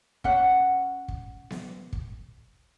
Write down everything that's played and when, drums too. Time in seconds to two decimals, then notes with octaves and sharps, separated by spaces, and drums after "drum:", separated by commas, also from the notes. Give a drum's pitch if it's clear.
0.24 C#4 F#5, drum: kick
1.08 drum: kick
1.50 drum: snare B3
1.93 drum: kick